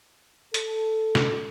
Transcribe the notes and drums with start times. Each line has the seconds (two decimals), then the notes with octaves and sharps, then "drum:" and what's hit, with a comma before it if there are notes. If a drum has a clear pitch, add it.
0.54 A4, drum: hi-hat
1.15 drum: snare